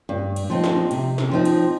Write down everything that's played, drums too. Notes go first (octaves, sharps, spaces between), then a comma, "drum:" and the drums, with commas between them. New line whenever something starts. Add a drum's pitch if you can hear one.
G2
drum: cymbal
F3 C4 D#4
drum: snare
C3, drum: cymbal
drum: snare
F3 C4 D#4
drum: cymbal